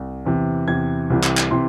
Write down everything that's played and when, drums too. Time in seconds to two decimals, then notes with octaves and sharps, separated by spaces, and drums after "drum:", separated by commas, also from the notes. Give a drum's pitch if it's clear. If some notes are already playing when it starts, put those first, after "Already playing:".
Already playing: C2
0.25 E2 C3 E3
0.68 E2 C3 E3 G#6
1.10 C2 C3 E3
1.23 drum: clap
1.37 drum: clap
1.51 C3 E3 C6